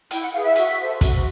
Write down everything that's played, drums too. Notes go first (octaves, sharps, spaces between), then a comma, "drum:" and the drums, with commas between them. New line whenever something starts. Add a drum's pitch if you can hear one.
E4 G5, drum: hi-hat
F#5
G#4 B4 F5
E5
F#4, drum: hi-hat
A4 C5
F#4, drum: kick, hi-hat